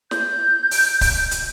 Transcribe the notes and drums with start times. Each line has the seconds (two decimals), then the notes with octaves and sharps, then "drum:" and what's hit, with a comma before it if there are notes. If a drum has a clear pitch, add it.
0.11 G6, drum: snare
0.71 drum: open hi-hat
1.01 drum: kick C#1, open hi-hat
1.31 drum: hi-hat